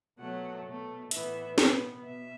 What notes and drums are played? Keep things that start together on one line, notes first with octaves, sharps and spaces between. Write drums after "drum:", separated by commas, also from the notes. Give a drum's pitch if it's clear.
B2 F#3 A3 F#5
B2 A3
A2 E3 B3 E5, drum: hi-hat
B2 B3, drum: snare
B2 E5